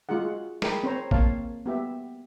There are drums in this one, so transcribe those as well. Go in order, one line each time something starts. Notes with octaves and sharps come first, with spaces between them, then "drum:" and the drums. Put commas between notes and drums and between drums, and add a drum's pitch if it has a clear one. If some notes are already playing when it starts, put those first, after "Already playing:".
G#3 F4 F#4 G#4 F#5
G#4 A#4 G5 B5, drum: snare
C4 C5 C#5 A#5
A#3 C#5 F5 A5, drum: kick A1
B3 G4 E5